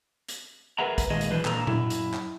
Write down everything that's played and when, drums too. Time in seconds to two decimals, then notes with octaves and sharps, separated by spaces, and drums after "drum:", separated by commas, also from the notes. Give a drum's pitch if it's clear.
0.29 drum: hi-hat
0.78 G#4 A#4 B4 E5 F#5 A#5
0.98 drum: kick, hi-hat
1.10 A#2 D#3 G#3 G#4 D#5
1.21 drum: hi-hat
1.30 E3 F#3 D4 B4 C5
1.45 A#2 D4 A4 A#5, drum: clap
1.67 F#2 E4, drum: tom A#2
1.90 drum: hi-hat
2.14 drum: clap